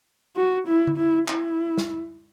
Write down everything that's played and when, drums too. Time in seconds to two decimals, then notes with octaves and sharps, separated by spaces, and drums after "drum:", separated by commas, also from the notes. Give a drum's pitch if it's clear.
0.36 F#4
0.67 E4
0.87 drum: tom D3
0.97 E4
1.28 E4, drum: clap
1.78 drum: snare